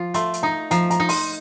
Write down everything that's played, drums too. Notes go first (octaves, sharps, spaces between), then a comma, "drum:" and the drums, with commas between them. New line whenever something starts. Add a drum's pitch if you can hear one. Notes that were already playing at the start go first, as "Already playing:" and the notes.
Already playing: F3 F4
A3 C6, drum: hi-hat
drum: hi-hat
D#4 A#5
F3 A#5, drum: hi-hat
A#5, drum: hi-hat
D#4
C6, drum: open hi-hat